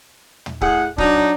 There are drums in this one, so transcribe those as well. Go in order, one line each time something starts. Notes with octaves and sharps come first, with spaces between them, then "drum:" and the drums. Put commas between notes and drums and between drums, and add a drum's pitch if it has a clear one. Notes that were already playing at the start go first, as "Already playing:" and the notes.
drum: tom
A2 G#4 F#5, drum: kick C#1
F#3 D4 D#4, drum: kick C#1